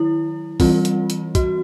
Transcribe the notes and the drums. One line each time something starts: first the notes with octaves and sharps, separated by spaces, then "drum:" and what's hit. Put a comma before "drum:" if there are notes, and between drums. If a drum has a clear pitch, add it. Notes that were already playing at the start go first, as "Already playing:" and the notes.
Already playing: D#3 F#3 E4
E3 G3 C4 F4, drum: kick, open hi-hat
drum: hi-hat
drum: hi-hat
F#4, drum: kick, hi-hat